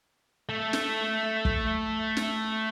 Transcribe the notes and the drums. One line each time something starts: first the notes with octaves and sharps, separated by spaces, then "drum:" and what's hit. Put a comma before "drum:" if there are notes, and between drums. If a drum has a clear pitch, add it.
A3 A4
drum: snare
drum: kick
drum: snare